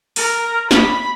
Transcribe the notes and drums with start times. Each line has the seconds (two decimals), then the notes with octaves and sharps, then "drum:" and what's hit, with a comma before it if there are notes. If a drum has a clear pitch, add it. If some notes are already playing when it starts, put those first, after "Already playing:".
0.16 A#4, drum: open hi-hat
0.71 B5, drum: snare